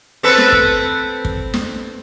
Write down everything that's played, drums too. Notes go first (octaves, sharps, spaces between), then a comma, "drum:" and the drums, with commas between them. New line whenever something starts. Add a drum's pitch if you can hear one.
C4 A4 B4
drum: snare
drum: kick
drum: kick
drum: snare